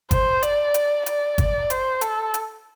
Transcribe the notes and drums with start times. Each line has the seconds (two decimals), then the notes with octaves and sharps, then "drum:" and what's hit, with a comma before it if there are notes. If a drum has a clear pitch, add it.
0.11 C5, drum: kick G1, hi-hat
0.43 D5, drum: hi-hat
0.74 drum: hi-hat
1.06 D5, drum: hi-hat
1.38 drum: kick G1, hi-hat
1.70 C5, drum: hi-hat
2.01 A4, drum: hi-hat
2.34 drum: hi-hat